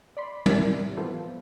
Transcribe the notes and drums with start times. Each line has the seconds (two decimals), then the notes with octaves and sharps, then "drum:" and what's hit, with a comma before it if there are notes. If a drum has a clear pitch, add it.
0.17 D5 B5 C6
0.46 E4 G4 A#4 D5 E5, drum: tom
0.97 E3 F3 B3 F4 A4 C5